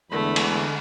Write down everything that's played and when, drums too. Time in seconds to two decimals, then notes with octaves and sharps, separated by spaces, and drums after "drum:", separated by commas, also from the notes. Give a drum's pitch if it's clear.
0.11 E2 D3 G#3 A3 B5
0.36 drum: cymbal